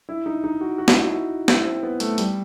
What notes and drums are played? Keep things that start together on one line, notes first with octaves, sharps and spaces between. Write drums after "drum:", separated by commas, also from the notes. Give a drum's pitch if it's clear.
E4
D#4
D#4
F#4
F#4
E4, drum: snare
D#4
E4
E4, drum: snare
C4
B3
A3, drum: hi-hat
G3, drum: hi-hat